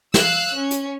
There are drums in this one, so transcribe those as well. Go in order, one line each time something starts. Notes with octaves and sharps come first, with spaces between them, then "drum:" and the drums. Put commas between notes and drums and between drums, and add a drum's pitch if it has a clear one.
F5 E6 F#6, drum: snare
C#4
drum: hi-hat